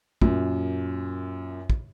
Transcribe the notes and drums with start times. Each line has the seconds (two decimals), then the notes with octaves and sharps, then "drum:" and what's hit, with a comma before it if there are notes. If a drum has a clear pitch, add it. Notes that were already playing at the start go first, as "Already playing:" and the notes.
0.21 F#2 A#2, drum: kick
1.70 drum: kick